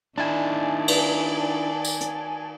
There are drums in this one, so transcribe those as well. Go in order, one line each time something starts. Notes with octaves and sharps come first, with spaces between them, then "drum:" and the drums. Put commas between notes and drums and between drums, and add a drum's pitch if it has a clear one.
D#3 D4 E4 D5 G#5 A5
drum: cymbal
drum: tambourine
drum: hi-hat